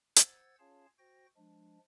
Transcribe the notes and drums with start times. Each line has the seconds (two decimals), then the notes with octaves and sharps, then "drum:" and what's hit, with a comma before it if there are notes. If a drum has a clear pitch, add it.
0.16 C5 F#5 E6 G#6 A6, drum: hi-hat
0.59 C#4 F4 G#4 C#5 F5 A5
0.99 F#4 C5 G5 A#6
1.37 F3 G#3 D4